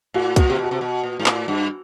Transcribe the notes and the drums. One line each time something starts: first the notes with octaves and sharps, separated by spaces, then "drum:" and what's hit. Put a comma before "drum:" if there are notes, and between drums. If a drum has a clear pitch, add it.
A2 F#4
A#2 F#4, drum: kick C2, hi-hat
C3 G4
B2 F#4
C3
B2
A#2
G#2
A2, drum: clap
G2